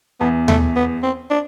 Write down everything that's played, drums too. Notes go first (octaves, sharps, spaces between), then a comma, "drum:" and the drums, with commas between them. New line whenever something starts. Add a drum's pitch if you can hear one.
E2 B3
A3, drum: tom D#2
B3
C4
D4